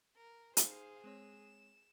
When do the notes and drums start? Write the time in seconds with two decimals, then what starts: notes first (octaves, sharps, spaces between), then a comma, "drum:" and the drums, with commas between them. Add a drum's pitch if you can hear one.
0.16 A#4
0.57 D#4 G#4 C5 F5, drum: hi-hat
1.04 G#3 C4 C#5 E7